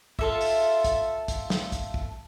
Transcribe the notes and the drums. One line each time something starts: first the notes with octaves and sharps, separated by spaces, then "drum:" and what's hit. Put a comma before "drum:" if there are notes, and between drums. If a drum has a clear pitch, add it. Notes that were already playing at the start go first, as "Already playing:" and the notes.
F4 A4 E5, drum: kick
drum: open hi-hat
drum: kick, hi-hat
drum: kick, hi-hat
drum: snare
drum: kick, hi-hat
drum: kick